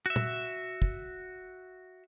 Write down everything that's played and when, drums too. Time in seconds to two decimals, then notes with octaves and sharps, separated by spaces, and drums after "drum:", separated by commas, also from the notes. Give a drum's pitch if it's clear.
0.06 F#4 E5
0.16 drum: tom
0.82 drum: kick